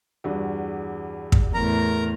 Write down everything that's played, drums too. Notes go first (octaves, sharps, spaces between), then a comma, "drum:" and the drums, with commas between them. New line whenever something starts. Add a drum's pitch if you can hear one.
E2 G2 F#4
drum: kick
E2 A2 A#4 A#5